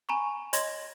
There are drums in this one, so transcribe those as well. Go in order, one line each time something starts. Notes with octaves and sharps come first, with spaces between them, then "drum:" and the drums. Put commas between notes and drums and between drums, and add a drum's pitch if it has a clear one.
G#5 A#5 B5 C#6
C#5 D#5 C6 G#6 A#6, drum: hi-hat